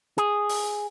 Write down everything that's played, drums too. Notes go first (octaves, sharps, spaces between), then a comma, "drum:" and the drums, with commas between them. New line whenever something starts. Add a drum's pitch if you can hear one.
G#4, drum: hi-hat
drum: open hi-hat